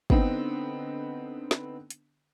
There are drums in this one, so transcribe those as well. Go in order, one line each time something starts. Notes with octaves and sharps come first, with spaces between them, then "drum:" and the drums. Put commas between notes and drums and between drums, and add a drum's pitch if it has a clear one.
D3 B3 C4 D#4, drum: kick
drum: snare
drum: hi-hat